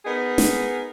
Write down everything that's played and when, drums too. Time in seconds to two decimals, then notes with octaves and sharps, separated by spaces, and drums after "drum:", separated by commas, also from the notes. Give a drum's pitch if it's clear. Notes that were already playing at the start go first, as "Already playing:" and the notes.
0.05 B3 D#4 G#4 A#4
0.38 drum: snare